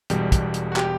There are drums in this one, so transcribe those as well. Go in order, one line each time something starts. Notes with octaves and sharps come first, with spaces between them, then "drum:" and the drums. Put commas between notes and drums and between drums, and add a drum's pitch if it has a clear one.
E1 E2 B2 G3, drum: hi-hat
drum: kick, hi-hat
drum: hi-hat
F#4
G4, drum: clap